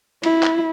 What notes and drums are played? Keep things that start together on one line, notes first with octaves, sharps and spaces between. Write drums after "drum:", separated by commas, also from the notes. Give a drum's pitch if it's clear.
E4, drum: cymbal
drum: clap